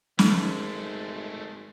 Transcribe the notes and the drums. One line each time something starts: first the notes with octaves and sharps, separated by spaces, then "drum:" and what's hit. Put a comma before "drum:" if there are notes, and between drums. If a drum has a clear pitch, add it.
G#1 G#3 A3, drum: snare